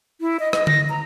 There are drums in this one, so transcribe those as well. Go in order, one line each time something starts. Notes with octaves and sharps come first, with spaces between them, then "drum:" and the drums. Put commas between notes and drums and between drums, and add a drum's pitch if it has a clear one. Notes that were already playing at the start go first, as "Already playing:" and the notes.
E4
D#5
D#5, drum: rim click
A#6, drum: tom D3
A#5